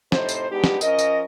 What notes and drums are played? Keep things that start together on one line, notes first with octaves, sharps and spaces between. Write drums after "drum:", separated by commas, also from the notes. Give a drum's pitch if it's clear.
A2 C3 D#4 C5, drum: snare
drum: tambourine
G#3 B3 D4 D#4 G4
drum: snare
F3 C#4 A#4 D#5, drum: tambourine
drum: tambourine